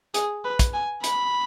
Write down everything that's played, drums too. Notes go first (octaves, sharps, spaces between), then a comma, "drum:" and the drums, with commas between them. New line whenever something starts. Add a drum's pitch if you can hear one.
G#4, drum: hi-hat
B4
drum: kick, hi-hat
G#5
B5, drum: hi-hat